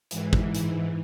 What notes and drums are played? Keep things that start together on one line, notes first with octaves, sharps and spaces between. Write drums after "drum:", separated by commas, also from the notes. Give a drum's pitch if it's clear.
G#2 E3, drum: hi-hat
drum: kick
drum: hi-hat